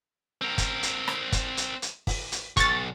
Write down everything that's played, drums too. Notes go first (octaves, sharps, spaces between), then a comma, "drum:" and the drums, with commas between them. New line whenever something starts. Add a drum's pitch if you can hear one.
C4 A#4
drum: kick, hi-hat
drum: hi-hat
drum: rim click
drum: kick, hi-hat
drum: hi-hat
drum: hi-hat
drum: kick, open hi-hat
drum: hi-hat
B1 C#6 A6, drum: kick, hi-hat